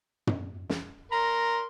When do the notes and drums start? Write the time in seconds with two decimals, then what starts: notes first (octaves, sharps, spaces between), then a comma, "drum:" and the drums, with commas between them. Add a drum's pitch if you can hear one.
0.27 drum: tom
0.69 drum: snare
1.12 A#4 A#5 C6